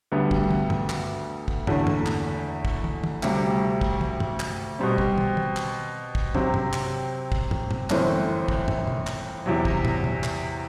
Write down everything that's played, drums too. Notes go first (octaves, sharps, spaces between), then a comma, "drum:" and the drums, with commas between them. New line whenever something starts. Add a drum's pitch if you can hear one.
D2 D3 G3 B3
drum: kick
drum: tom
drum: tom
drum: clap
drum: kick
F#1 E2 D3 A3, drum: tom
drum: tom
drum: clap
drum: kick
drum: tom
drum: tom
D2 C3 G3, drum: clap
drum: kick
drum: tom
drum: tom
drum: clap
B2 G3 C4
drum: kick
drum: tom
drum: tom
drum: clap
drum: kick
C3 F#3 C4, drum: tom
drum: tom
drum: clap
drum: kick
drum: tom
drum: tom
G1 F#2 E3 A3 C4, drum: clap
drum: kick
drum: tom
drum: tom
drum: clap
E2 C3 F#3
drum: kick
drum: tom
drum: tom
drum: clap